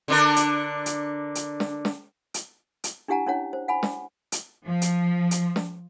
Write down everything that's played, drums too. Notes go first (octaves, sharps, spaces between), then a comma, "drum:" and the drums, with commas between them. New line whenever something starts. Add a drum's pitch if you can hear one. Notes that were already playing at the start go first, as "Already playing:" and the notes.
D3 D4 A#4
drum: hi-hat
drum: hi-hat
drum: hi-hat
drum: snare
drum: snare
drum: hi-hat
drum: hi-hat
D4 E4 G4 F#5 G#5 A#5
C#4 D4 E4 C#5 F#5
C5
F#5 G#5 B5
drum: snare
drum: hi-hat
F3
drum: hi-hat
drum: hi-hat
drum: snare